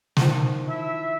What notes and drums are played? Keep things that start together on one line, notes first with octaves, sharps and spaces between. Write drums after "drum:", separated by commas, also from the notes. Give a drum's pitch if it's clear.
D#3 F3, drum: snare
E4 E5